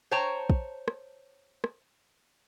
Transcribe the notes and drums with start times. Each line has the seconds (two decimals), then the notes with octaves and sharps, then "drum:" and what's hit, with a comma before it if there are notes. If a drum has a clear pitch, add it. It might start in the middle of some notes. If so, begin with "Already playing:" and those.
0.11 C5 C#5 G5 A5 A#5
0.50 drum: kick
0.88 drum: rim click
1.64 drum: rim click